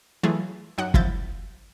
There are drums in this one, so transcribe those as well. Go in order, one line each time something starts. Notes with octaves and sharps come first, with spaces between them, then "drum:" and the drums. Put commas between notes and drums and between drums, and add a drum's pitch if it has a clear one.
E3 F#3 A3 E4 F4 G#4
F#2 D#4 F#5
F3 E4 G6 A6, drum: kick